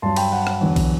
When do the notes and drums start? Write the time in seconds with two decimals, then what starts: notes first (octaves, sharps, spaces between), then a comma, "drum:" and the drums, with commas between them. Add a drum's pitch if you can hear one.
0.02 G2 F#3 A5 C6
0.16 G5 B5, drum: cymbal
0.32 F#5 A5
0.47 drum: rim click
0.61 E2 D3 F#3
0.76 drum: kick B1, cymbal